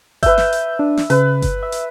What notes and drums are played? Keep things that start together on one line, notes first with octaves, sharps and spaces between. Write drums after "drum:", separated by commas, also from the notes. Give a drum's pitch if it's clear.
B4 E5 G6, drum: kick G1, hi-hat
drum: snare
drum: hi-hat
D4
drum: snare
C#3 B4, drum: hi-hat
drum: kick G1, hi-hat
E5
drum: hi-hat